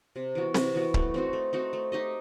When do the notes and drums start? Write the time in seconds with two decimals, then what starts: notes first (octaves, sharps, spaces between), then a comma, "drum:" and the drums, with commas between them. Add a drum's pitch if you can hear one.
0.16 C3
0.35 E3 B3 F#4
0.54 C3, drum: snare C4
0.74 E3 B3 F#4
0.94 A3, drum: kick C#1
1.14 C4 D#4 F#4
1.33 A3
1.53 C4 D#4 F#4
1.73 A3
1.92 D#4 G4 D#5